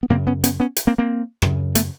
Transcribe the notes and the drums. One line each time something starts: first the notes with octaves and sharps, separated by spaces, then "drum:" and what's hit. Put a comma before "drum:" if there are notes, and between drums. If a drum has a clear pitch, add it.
B3
F#2 C#3 A#3 C4
B3 C#4
B3 C#4, drum: hi-hat
B3 C#4
drum: hi-hat
A#3 C4
A#3 C4
F#2 C#3, drum: rim click
A3 B3, drum: hi-hat